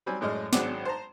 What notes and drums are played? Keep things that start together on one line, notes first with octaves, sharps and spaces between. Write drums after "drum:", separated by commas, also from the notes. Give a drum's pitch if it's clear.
F#3 G3 C4 G#5
F#2 A2 G#3 D5 D#5 F6
G#1 F#3 G#3 D4 F#5 D6, drum: snare
C5 A5 A#5